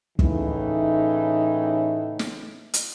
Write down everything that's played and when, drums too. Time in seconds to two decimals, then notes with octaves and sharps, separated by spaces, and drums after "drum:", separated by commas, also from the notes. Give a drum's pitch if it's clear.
0.19 A2 C#3 E3 D#4, drum: kick
2.19 drum: snare
2.74 drum: hi-hat